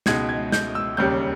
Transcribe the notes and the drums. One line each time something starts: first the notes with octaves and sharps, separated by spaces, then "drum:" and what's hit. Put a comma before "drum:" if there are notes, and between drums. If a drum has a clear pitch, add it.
C#2 B2 G#3 D#4 G#6, drum: snare
G#6
G6, drum: snare
E6
E1 D#2 C#3 G3 G6